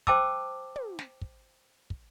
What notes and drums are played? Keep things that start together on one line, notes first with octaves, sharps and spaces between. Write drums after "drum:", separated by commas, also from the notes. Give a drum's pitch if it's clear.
C5 G5 A5 D6 E6, drum: kick
drum: tom
drum: snare
drum: kick
drum: kick